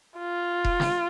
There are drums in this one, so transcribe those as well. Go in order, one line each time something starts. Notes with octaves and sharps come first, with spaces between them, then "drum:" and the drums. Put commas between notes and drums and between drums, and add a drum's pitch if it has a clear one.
F4
drum: kick E1
drum: snare